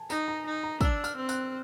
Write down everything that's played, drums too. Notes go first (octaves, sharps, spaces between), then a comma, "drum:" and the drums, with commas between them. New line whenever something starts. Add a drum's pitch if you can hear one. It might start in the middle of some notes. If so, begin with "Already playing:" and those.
Already playing: G#5 A5
D#4 A#5, drum: tambourine
A#5
D#4
A#5
D4 E6, drum: kick, tambourine
F6, drum: tambourine
C4
F#6, drum: tambourine